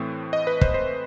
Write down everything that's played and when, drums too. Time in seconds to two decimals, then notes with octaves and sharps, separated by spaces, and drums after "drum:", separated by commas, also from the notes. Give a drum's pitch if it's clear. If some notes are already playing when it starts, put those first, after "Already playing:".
Already playing: A2 E3 A3 C4
0.33 D#5
0.47 B4
0.61 C5, drum: kick
0.74 C5